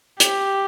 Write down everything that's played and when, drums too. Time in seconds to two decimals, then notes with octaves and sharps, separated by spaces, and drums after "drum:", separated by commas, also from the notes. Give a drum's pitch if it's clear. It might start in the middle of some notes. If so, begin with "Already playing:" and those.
0.20 G4, drum: hi-hat